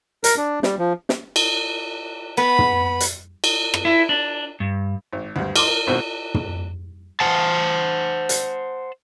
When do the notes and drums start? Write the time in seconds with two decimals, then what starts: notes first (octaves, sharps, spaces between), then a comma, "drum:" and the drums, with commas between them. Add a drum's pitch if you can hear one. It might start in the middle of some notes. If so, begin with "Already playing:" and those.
0.24 A#4, drum: hi-hat
0.37 D4
0.63 G3, drum: snare
0.79 F3
1.09 drum: snare
1.36 drum: cymbal
2.37 B3 B5
2.59 drum: tom
3.00 drum: hi-hat
3.44 drum: cymbal
3.74 drum: rim click
3.85 E4
4.09 D4
4.60 G2
5.13 G#1
5.36 D2 G2
5.56 D#5 C6 D6 F6, drum: cymbal
5.68 A#4
5.87 G#1 B2 C4 F#4 F#6
6.34 drum: tom
7.20 C5 F#5 A5
8.29 drum: hi-hat